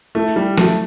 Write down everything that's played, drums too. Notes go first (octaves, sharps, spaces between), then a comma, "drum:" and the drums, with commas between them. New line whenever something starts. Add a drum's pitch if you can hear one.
A3 E4
G3
F#3 A3, drum: snare